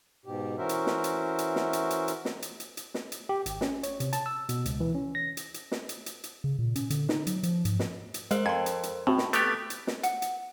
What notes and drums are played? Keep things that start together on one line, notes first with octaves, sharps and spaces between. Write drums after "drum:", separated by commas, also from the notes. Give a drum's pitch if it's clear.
G#2 B2 G4
E3 C#4 F#4 A#4 C5 E5
drum: hi-hat
drum: snare
drum: hi-hat
drum: hi-hat
drum: snare
drum: hi-hat
drum: hi-hat
drum: hi-hat
drum: snare
drum: hi-hat
drum: hi-hat
drum: hi-hat
drum: snare
drum: hi-hat
G4
G#1, drum: hi-hat
C#4, drum: snare
C#5, drum: hi-hat
C3, drum: hi-hat
A5, drum: hi-hat
E6
B2, drum: hi-hat
C#2, drum: hi-hat
E3
C#4
A#6
drum: hi-hat
drum: hi-hat
drum: snare
drum: hi-hat
drum: hi-hat
drum: hi-hat
C#3
A#2
C#4, drum: hi-hat
D3, drum: hi-hat
D#4, drum: snare
F#3, drum: hi-hat
F3, drum: hi-hat
G#2, drum: hi-hat
drum: snare
drum: hi-hat
G#3 A#4 C5 F5, drum: hi-hat
F2 C6 G#6
drum: hi-hat
drum: hi-hat
A2 C4 F#4
drum: snare
A3 B3 G4 D6 A6, drum: hi-hat
drum: hi-hat
drum: snare
F#5, drum: hi-hat
drum: hi-hat